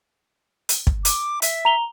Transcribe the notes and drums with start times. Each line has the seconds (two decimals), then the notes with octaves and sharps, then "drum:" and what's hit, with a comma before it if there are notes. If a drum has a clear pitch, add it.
0.69 drum: hi-hat
0.87 drum: kick
1.05 D6, drum: hi-hat
1.42 E5, drum: hi-hat
1.65 A#5 F7 G7